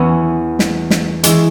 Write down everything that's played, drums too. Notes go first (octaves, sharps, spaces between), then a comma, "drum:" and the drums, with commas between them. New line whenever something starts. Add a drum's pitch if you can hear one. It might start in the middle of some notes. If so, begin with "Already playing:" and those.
Already playing: E2 E3 B3 C#4 E4
drum: snare
drum: snare
E3 G#3 C#4 E4 G#4, drum: hi-hat